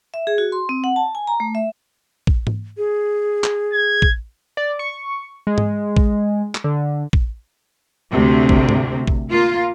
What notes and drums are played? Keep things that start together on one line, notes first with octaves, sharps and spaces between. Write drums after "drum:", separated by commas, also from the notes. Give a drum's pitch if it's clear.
E5
G#4
F#4
C6
C4
F#5
A5
G#5
A#5
A3
E5
drum: kick
drum: tom G#2
G#4
drum: clap
G#6
drum: kick
D5
C#6
G#3
drum: tom G#2
drum: kick
drum: clap
D3
drum: kick
D2 C3
drum: kick
drum: tom G#2
drum: kick
A#3 F4